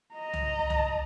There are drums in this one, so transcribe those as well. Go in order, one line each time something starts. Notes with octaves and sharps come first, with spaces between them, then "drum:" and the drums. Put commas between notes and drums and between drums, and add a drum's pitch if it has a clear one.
D#5 A#5
drum: tom C2
drum: tom C2